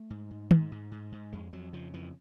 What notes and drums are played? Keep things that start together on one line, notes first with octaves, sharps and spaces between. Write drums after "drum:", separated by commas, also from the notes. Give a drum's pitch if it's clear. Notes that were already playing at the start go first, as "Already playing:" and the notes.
Already playing: A3
G#2
G#2
G#2, drum: tom
G#2
G#2
G#2
F2 G#3
F2 F#3
C#3 F3
F2 E3